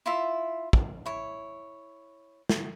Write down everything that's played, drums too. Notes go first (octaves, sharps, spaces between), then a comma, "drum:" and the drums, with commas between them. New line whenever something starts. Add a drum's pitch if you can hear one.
E4 F4 E5
drum: kick
E4 C#5
drum: snare